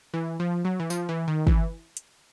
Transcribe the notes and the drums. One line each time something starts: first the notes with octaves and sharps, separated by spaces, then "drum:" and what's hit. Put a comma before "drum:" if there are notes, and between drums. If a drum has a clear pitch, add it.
E3
F3
F#3
E3
F3, drum: tambourine
E3
D#3
E3, drum: kick
drum: hi-hat